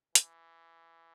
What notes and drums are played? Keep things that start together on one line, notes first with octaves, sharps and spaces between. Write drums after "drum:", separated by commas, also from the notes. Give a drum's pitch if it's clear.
E3, drum: hi-hat